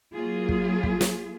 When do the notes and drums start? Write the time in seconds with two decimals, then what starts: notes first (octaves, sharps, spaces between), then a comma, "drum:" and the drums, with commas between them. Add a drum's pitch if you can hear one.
0.14 F#3 A#3 F4 G#4
0.49 drum: kick
0.83 drum: kick
1.01 drum: snare